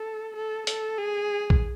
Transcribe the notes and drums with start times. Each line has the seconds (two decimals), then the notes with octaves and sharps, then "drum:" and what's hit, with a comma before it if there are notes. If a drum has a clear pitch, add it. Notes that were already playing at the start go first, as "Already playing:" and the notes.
Already playing: A4
0.37 A4
0.67 A4, drum: hi-hat
0.98 G#4
1.50 drum: kick A#1